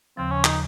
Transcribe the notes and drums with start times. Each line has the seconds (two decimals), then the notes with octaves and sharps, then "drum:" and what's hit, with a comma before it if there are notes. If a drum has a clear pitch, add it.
0.17 D#2 C#3 F3 C4
0.31 C#4
0.44 D#4, drum: clap